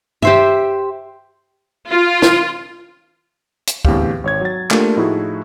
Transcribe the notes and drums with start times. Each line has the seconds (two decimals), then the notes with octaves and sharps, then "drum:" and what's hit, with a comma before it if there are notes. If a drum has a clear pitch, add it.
0.22 G4 C5 E5, drum: tom G2
1.88 F4
2.22 drum: snare
3.67 drum: hi-hat
3.85 E2 A2 D3 C4 G4 F5, drum: kick
4.24 G#1 C#5 G#6
4.41 F#3 A6
4.71 A3 A#3 D4 F4 G4 A#4, drum: clap
4.97 A2 F3 D#4 E4 F#4 G#4